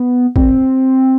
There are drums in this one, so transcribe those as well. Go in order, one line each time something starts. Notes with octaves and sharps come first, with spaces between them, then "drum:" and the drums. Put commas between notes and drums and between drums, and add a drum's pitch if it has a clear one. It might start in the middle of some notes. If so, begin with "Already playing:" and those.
Already playing: B3
C4, drum: kick A1